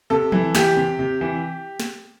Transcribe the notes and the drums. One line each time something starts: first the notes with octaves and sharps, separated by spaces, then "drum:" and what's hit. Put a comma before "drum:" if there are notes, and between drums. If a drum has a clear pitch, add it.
C3 A4
E3, drum: tom F3
E3 G4, drum: snare
C3
C3
E3
drum: snare